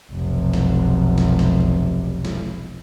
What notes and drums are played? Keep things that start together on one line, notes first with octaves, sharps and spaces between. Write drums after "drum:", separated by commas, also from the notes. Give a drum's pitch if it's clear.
F1 B1
drum: snare
drum: snare
drum: snare
drum: kick C2
drum: snare